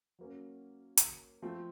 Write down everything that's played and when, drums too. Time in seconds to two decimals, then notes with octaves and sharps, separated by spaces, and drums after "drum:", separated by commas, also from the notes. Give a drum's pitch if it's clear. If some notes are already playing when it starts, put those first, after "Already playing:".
0.19 F#3 A#3 C#4
0.97 drum: hi-hat
1.42 F3 A3 C4 F4